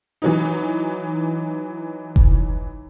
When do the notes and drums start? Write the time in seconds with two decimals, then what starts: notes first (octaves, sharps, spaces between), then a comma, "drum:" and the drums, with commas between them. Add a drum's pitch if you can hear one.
0.22 E3 F#3 D#4
2.16 drum: kick F1